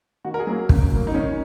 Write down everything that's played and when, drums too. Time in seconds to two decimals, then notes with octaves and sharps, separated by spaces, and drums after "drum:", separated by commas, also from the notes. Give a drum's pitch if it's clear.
0.25 D#3 F#4
0.34 A#4
0.39 G#4
0.47 F#3 A#3
0.69 C#3, drum: kick
0.92 F#3 A#3
1.07 D#4
1.14 D#3 C#4